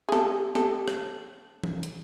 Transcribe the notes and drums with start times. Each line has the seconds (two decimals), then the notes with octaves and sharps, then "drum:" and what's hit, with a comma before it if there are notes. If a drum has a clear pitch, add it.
0.09 G#4
0.12 G4 A4, drum: snare
0.55 G4 A4, drum: snare
0.88 drum: rim click
1.64 drum: tom E3
1.83 drum: hi-hat